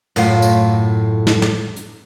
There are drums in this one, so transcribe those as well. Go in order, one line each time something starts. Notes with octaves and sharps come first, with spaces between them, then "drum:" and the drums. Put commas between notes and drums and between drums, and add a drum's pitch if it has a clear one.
F#2 A2 F4, drum: cymbal
drum: tambourine
drum: snare
drum: snare
drum: hi-hat